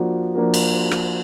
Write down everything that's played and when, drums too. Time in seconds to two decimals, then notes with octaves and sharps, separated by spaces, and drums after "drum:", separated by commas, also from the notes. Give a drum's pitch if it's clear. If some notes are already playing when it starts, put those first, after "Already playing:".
Already playing: F3 A#3 D4 F#4
0.35 F3 A#3 D4 F#4 A#4
0.54 drum: cymbal
0.91 drum: rim click